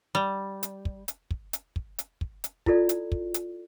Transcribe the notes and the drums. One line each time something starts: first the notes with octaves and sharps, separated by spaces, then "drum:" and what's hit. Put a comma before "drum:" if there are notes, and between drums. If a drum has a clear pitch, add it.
G3
drum: hi-hat
drum: kick
drum: hi-hat
drum: kick
drum: hi-hat
drum: kick
drum: hi-hat
drum: kick
drum: hi-hat
E4 F4 A4 D5, drum: kick
drum: hi-hat
drum: kick
drum: hi-hat